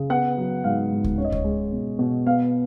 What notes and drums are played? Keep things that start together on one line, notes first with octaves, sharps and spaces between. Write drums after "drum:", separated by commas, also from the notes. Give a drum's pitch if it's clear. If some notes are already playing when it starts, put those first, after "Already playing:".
Already playing: C#3
B3 F#5
F#3
G#2 F5
G#2
drum: kick C#2
C#4 C#5
D#5
C#5, drum: kick C#2
G#3
B2
B2
B3 F5